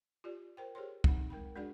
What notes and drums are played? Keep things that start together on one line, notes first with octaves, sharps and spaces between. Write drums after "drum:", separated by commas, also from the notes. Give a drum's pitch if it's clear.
F4 G4 D5
A#4 C5 G5
G4 G#4 C5 C#5 C6
F#3 C4 D#4 F#5 B5, drum: kick
G#3 A#4 G5 B5
G#3 D4 F#4 G#4 D5 B5